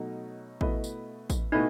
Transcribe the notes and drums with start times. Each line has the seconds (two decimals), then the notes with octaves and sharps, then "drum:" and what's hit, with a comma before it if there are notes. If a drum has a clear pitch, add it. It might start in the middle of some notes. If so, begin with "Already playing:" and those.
Already playing: B2 F#3 A3 D#4
0.61 B2 A3 E4 B4 D#5, drum: kick
0.84 drum: tambourine
1.30 drum: kick, tambourine
1.52 B2 A3 D#4 E4 B4 D#5